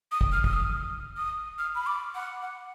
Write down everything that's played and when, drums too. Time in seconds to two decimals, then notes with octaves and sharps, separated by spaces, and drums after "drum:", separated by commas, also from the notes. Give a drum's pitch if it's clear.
0.12 D#6
0.21 drum: kick
0.32 F6
0.44 D#6, drum: kick
0.53 F6
1.17 D#6
1.58 F6
1.75 B5
1.86 D6
2.15 F#5
2.42 F#5